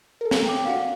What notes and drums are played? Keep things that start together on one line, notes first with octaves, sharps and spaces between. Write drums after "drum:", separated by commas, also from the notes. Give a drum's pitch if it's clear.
A4 A#4
drum: snare
G5 D6
D4 F#4 F5 F#5